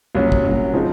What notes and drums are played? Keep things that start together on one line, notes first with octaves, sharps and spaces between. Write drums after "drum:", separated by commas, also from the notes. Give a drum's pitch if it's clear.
C2 A#2 F#3 C#4
drum: kick
C2 A#2 F#3 C#4
C#3 F3 G#3 C4 D#4